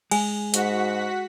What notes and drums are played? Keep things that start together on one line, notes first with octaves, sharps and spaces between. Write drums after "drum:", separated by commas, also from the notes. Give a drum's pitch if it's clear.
G#3 G#5, drum: cymbal
G#2 F#4 F#5 B6, drum: hi-hat